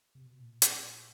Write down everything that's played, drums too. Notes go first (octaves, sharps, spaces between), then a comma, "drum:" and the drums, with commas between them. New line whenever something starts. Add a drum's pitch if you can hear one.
C3
B2
A#2
drum: hi-hat